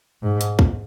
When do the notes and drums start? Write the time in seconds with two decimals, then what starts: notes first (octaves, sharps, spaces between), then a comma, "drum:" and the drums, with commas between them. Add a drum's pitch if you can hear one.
0.23 G#2
0.41 drum: hi-hat
0.59 drum: kick